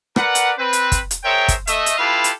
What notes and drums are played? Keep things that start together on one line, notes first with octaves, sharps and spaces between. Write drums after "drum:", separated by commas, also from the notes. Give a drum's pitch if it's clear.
A#4 B4 D5 F#5, drum: rim click
drum: hi-hat
C4 B4
drum: hi-hat
drum: kick, hi-hat
drum: hi-hat
G#4 A#4 C5 C#5 E5 G5
drum: kick, hi-hat
A3 D#5 E5, drum: hi-hat
drum: hi-hat
E4 F4 G4 A4 B4 F5
drum: hi-hat